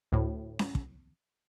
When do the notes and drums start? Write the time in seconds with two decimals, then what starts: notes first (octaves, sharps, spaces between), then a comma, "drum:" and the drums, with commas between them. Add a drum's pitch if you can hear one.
0.12 D2 A2
0.59 drum: snare C#4
0.75 drum: kick